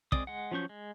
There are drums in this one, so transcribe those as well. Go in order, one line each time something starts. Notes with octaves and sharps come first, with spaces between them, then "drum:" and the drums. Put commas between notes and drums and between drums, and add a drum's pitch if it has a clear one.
G#3 C4 D5 D#6, drum: kick
G#3 F#5
F3 F#3 C#4 C#6 G6
G#3